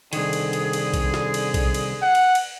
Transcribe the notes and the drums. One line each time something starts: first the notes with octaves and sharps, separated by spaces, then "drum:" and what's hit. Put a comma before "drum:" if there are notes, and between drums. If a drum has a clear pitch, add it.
C2 D3 D#3 G#4, drum: cymbal
drum: cymbal
drum: cymbal
drum: cymbal
drum: kick A#1, cymbal
drum: snare
drum: cymbal
drum: kick A#1, cymbal
drum: cymbal
F#5
drum: cymbal
drum: cymbal